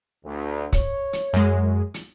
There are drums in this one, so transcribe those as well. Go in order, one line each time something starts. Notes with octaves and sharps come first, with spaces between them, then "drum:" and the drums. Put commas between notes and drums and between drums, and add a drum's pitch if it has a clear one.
D2
C#5, drum: kick, hi-hat
drum: hi-hat
F#2 G#3
drum: hi-hat